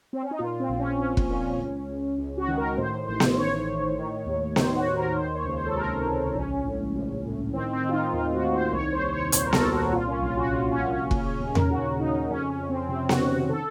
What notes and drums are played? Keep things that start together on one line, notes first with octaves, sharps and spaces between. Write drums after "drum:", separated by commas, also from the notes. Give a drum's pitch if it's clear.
C4
C#4
D#4
A#2 F4
C4
A#1
C#4
A#1 C#4
drum: kick F1
A#2 C#4
C#2
C#2
C#2
F#4
D#3
A#4
A2 C5
A1 C5
drum: snare B3
A2 C#5
A2
D#3
D#2
D#3 C5, drum: snare B3
F#4
D#2
A#4
D#3 C5
C#5
C#2
C5
A4
C3 A#4
C#2
A#1 C#4
A2
A#1
A2
D#3 C4
C4
D#3
F4
D#4
D#2 F4
F#4
D#3
C5
C2 C#5
C5
C2
C#5
A#2 C5, drum: hi-hat
A#4
A4, drum: snare B3
C2
F#4
A#2 F4
C#4
A#1 F4
F#4
A#1 F4
C#4
A#2
C#4
C#3 C#4, drum: kick F1
C#4
D#2
A#4, drum: tom E2
C#3 F#4
C#3 D#4
F2 C#4
C#4
F2
C4
C3 C4
F#4, drum: snare B3
D#3
F#4
A4